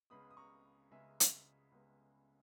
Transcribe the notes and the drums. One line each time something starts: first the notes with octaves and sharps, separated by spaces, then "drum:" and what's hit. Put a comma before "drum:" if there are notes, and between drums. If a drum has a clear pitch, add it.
C#2 C#3 G#3 B3 B5 D#6
D#6
A#5 C#6
C#2 C#3 G#3 B3 E5 G#5
drum: hi-hat
C#2 C#3 G#3 B3